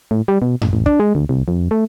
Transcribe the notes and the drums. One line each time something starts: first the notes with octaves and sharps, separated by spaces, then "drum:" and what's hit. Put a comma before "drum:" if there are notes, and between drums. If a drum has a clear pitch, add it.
A2
G3
B2
A1, drum: tom F2
A1
D4, drum: kick
G#3
D2
C2
F2
A3